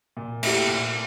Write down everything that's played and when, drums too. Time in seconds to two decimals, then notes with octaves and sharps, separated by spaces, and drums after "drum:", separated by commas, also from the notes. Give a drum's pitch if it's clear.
0.17 A#2
0.43 A3 E4 G4, drum: cymbal
0.67 A#2